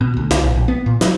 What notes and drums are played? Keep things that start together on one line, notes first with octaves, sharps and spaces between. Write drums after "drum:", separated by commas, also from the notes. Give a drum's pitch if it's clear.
B2
D2
C#2, drum: snare
A#1
A#1
B3
A#2
F#3, drum: snare